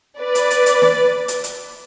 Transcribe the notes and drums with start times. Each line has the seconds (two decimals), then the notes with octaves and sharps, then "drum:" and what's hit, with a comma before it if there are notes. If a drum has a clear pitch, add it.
0.20 B4 D5
0.35 drum: hi-hat
0.51 drum: hi-hat
0.66 drum: hi-hat
0.82 drum: snare
1.28 drum: hi-hat
1.44 drum: hi-hat